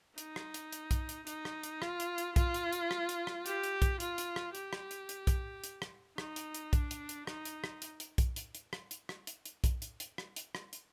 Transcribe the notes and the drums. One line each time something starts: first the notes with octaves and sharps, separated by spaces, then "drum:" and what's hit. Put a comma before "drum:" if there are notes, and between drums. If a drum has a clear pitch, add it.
D#4, drum: hi-hat
drum: rim click
drum: hi-hat
drum: hi-hat
drum: kick B1, hi-hat
drum: hi-hat
D#4, drum: hi-hat
drum: rim click
drum: hi-hat
F4, drum: rim click
drum: hi-hat
drum: hi-hat
F4, drum: kick B1, hi-hat
drum: hi-hat
drum: hi-hat
drum: rim click
drum: hi-hat
drum: rim click
G4, drum: hi-hat
drum: hi-hat
drum: kick B1, hi-hat
F4, drum: hi-hat
drum: hi-hat
drum: rim click
G4, drum: hi-hat
drum: rim click
drum: hi-hat
drum: hi-hat
drum: kick B1, hi-hat
drum: hi-hat
drum: rim click
D#4, drum: rim click
drum: hi-hat
drum: hi-hat
D4, drum: kick B1, hi-hat
drum: hi-hat
drum: hi-hat
D#4, drum: rim click
drum: hi-hat
drum: rim click
drum: hi-hat
drum: hi-hat
drum: kick B1, hi-hat
drum: hi-hat
drum: hi-hat
drum: rim click
drum: hi-hat
drum: rim click
drum: hi-hat
drum: hi-hat
drum: kick B1, hi-hat
drum: hi-hat
drum: hi-hat
drum: rim click
drum: hi-hat
drum: rim click
drum: hi-hat